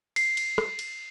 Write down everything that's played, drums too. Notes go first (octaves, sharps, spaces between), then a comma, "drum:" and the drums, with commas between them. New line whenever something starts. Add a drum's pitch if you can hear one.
C7, drum: cymbal
drum: cymbal
drum: rim click
drum: cymbal